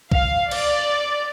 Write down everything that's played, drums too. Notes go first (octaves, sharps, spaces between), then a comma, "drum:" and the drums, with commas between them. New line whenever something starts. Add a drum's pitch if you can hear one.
F5, drum: kick
D5, drum: cymbal